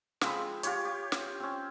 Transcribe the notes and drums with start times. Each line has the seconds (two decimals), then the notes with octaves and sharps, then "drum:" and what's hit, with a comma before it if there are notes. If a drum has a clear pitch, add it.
0.21 F3 G#3 C4 B5, drum: snare
0.63 F4 G4 C#5, drum: hi-hat
0.85 G4
1.12 drum: snare
1.40 C4 C#4